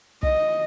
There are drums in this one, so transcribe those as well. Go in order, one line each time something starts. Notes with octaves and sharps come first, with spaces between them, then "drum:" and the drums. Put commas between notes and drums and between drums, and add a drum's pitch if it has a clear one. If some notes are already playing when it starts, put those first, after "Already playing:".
D#5, drum: kick